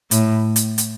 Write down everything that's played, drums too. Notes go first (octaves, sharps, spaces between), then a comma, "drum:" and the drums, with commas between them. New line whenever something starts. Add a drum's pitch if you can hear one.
A2, drum: hi-hat
drum: hi-hat
drum: hi-hat